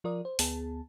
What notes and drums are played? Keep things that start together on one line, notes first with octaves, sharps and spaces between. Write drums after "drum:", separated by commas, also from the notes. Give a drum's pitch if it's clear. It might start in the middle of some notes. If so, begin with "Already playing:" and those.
F3 F4 A#4 D5 D#6
C5
D2 B3 G#4 A5, drum: open hi-hat